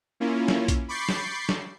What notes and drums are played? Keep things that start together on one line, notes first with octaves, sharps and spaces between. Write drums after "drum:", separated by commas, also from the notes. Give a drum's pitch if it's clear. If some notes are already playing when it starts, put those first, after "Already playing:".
A#3 C#4 E4 F4
drum: snare
drum: kick A#1, hi-hat
B5 C#6 D6 G6 A6 C7
drum: snare
drum: snare